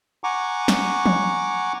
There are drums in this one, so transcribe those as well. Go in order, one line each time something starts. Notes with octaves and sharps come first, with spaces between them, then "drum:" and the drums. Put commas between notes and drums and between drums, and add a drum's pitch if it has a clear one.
F#5 G#5 A#5 C#6 D6
drum: snare
drum: tom